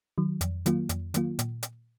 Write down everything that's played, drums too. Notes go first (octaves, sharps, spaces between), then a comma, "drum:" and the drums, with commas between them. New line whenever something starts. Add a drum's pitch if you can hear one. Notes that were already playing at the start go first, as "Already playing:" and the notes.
D#3 F#3
F2, drum: hi-hat
D#3 F#3 A#3 F4, drum: hi-hat
F2, drum: hi-hat
D#3 F#3 A#3 F4, drum: hi-hat
A#2, drum: hi-hat
drum: hi-hat